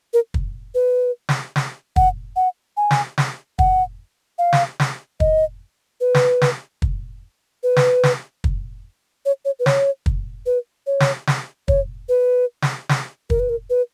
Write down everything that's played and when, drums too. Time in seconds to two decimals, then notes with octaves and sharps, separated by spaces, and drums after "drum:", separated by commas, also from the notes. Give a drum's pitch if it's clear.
0.13 A#4
0.34 drum: kick
0.75 B4
1.29 drum: snare
1.56 drum: snare
1.96 F#5, drum: kick
2.36 F#5
2.77 G#5
2.91 drum: snare
3.18 drum: snare
3.59 F#5, drum: kick
4.38 F5
4.53 drum: snare
4.80 drum: snare
5.20 D#5, drum: kick
6.01 B4
6.14 drum: snare
6.41 drum: snare
6.82 drum: kick
7.63 B4
7.76 drum: snare
8.03 drum: snare
8.44 drum: kick
9.26 C#5
9.45 C#5
9.59 B4
9.66 C#5, drum: snare
10.06 drum: kick
10.46 B4
10.87 C#5
11.00 drum: snare
11.27 drum: snare
11.68 C#5, drum: kick
12.09 B4
12.62 drum: snare
12.89 drum: snare
13.30 A#4, drum: kick
13.40 B4
13.49 A#4
13.70 B4